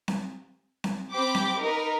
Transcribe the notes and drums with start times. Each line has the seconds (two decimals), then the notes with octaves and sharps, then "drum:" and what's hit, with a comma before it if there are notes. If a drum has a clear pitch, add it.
0.08 drum: snare C4
0.84 drum: snare C4
1.12 C4 G4 G5 B5 D6
1.35 drum: snare C4
1.60 D#4 A#4 B4